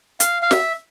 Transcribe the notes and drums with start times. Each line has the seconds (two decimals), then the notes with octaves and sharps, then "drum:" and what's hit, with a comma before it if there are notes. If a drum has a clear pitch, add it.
0.20 F5, drum: hi-hat
0.42 F5
0.51 E5, drum: snare